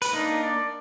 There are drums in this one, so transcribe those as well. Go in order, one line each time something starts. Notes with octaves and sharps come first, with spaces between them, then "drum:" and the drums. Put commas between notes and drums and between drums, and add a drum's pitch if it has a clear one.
B4, drum: hi-hat
A#3 D4 D#4
D5